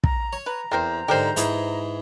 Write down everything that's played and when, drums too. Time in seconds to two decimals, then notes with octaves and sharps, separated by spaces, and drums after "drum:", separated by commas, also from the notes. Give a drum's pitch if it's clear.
0.04 A#5, drum: kick
0.33 C#5
0.46 B4 A#5
0.72 E2 C4 A#4 C5
1.08 G#2 D3 G4 A#4 C5
1.36 G#2 E3 G#4, drum: hi-hat